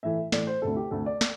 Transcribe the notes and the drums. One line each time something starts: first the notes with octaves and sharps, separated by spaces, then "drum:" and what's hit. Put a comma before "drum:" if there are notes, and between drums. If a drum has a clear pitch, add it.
A2 E3 A3 E5
A2 E3 A3 D5, drum: snare
C5
D2 C3 A3 A4
G4
D2 C3 A3 A4
D5
drum: snare